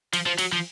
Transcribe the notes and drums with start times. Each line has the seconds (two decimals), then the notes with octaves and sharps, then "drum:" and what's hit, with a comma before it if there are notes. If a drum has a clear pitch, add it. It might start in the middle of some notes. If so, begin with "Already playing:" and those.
0.13 F3, drum: cymbal
0.26 F3
0.38 F#3, drum: cymbal
0.52 F3